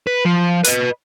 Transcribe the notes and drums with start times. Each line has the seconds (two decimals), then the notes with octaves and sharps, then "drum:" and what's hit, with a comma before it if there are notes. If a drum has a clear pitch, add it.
0.07 B4
0.25 F3
0.64 B4 D#5, drum: hi-hat